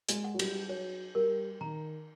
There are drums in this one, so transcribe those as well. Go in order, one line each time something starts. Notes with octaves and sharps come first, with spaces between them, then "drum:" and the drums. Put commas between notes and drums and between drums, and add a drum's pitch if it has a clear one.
G#3, drum: hi-hat
F#5
F#3
G3, drum: cymbal
F#3 C#5
G3 A#4
D#3 A#5